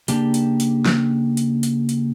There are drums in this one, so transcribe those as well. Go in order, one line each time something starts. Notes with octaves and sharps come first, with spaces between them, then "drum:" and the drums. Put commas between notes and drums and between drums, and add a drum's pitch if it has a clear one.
C#3 A#3 D4 G4 G5 A5, drum: hi-hat
drum: hi-hat
drum: hi-hat
drum: snare
drum: hi-hat
drum: hi-hat
drum: hi-hat